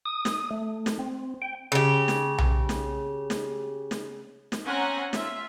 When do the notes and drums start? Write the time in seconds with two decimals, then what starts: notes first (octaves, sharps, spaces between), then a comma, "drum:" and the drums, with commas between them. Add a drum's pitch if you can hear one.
0.06 D#6
0.25 drum: snare
0.51 A3
0.86 drum: snare
0.99 C4
1.42 G5
1.72 C#3 G4
2.08 drum: snare
2.38 drum: tom B1
2.69 drum: snare
3.30 drum: snare
3.91 drum: snare
4.52 drum: snare
4.65 C4 C#4 F#5 G#5 A#5
5.13 F4 E5, drum: snare